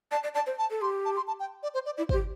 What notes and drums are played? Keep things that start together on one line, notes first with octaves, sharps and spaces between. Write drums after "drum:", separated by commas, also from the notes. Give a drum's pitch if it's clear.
D5 A5
D5
D5 A5
C5
A5
A4
G4 C6
A5
C6
A5
G5
D5
C5
D5
E4 D5
C5, drum: kick
G4